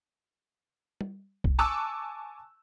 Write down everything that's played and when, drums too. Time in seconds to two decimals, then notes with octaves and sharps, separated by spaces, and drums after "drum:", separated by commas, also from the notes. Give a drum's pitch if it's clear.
1.01 drum: tom G3
1.44 drum: kick B1
1.59 G#5 A5 C#6 D6 E6 F#6